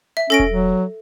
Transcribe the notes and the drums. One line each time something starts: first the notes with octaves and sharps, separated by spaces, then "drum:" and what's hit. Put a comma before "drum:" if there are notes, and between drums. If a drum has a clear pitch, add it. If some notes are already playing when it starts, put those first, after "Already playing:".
E5
C#4 A4 A#6 D7
drum: kick E1
F#3